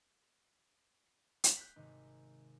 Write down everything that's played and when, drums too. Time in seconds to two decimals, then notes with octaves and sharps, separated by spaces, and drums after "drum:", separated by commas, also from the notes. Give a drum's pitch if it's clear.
1.44 drum: hi-hat
1.57 F#6 G6 B6
1.76 G#1 C3 D#4